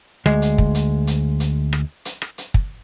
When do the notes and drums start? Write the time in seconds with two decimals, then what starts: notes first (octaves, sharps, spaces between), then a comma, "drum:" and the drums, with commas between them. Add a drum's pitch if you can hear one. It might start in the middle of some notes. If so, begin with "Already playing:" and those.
0.26 D2 G#3, drum: rim click
0.42 drum: hi-hat
0.58 drum: kick
0.75 drum: hi-hat
1.07 drum: hi-hat
1.40 drum: hi-hat
1.73 drum: rim click
2.05 drum: hi-hat
2.22 drum: rim click
2.38 drum: hi-hat
2.54 drum: kick